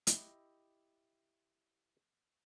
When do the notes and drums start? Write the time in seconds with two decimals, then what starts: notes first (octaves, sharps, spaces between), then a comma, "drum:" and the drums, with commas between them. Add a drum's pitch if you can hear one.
0.07 E4 G4 D#5 E5, drum: hi-hat